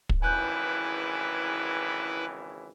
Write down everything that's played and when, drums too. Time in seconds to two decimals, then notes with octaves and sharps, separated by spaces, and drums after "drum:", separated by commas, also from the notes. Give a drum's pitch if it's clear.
0.09 drum: kick
0.22 G#1 C#3 E3 E4 B4 G#5 F#6 G6